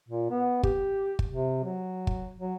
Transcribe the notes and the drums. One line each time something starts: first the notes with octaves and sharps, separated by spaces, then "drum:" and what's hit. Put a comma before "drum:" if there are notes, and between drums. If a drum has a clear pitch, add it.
A#2
B3
G4, drum: kick
drum: kick
C3
F#3
drum: kick
F#3